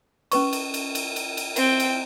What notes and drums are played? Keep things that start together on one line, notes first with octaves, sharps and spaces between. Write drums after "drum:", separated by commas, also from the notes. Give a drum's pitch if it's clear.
C#4 B4 C#6, drum: cymbal
drum: cymbal
drum: cymbal
drum: cymbal
drum: cymbal
drum: cymbal
C4 G5, drum: cymbal
drum: cymbal